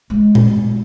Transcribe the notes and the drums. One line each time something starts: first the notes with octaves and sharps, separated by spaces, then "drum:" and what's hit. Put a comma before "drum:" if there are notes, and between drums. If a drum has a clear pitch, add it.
G#3 A3
drum: tom A#2